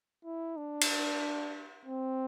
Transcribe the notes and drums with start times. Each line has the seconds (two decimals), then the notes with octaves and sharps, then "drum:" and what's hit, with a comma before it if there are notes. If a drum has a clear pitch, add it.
0.25 E4
0.57 D4
0.82 drum: cymbal
1.86 C4